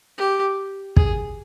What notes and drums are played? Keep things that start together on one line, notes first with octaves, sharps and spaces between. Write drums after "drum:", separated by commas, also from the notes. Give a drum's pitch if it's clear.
G4
G#4, drum: kick